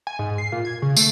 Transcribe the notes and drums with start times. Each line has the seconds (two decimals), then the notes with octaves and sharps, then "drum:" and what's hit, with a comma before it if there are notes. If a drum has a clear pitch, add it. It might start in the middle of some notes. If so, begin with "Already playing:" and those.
0.07 G#5
0.19 G#2
0.38 C7
0.52 A#2
0.65 G#6
0.82 C#3
0.97 A3, drum: tambourine